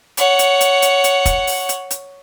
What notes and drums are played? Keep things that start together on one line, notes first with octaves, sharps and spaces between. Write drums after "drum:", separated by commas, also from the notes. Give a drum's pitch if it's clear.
C#5 F#5, drum: hi-hat
drum: hi-hat
drum: hi-hat
drum: hi-hat
drum: hi-hat
drum: kick, hi-hat
drum: open hi-hat
drum: hi-hat
drum: hi-hat